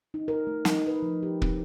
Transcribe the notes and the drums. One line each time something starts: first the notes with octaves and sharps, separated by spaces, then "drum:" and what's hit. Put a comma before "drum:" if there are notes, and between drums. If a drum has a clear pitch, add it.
D#4
A#4
A3
D#4, drum: snare
B4
F3
G4
C4, drum: kick